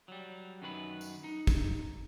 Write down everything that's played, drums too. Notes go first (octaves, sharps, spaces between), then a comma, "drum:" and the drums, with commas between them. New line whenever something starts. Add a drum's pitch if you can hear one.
F#3 G3
F#2 D#3 B4 B5
drum: tambourine
D#4
drum: kick, tambourine